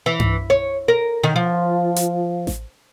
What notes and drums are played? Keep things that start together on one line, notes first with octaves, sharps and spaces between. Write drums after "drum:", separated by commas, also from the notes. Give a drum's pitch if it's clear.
E3
drum: tom G2
C#5
A#4
D#3
F3
drum: hi-hat
drum: snare A1